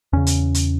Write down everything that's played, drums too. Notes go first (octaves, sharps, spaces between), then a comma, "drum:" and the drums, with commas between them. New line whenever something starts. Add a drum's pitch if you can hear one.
E2 C#3 C#4
drum: hi-hat
drum: hi-hat